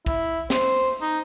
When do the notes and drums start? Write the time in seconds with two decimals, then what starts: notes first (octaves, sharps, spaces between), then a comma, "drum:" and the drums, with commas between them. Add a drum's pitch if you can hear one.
0.06 E4, drum: kick
0.50 C5, drum: snare
1.01 D#4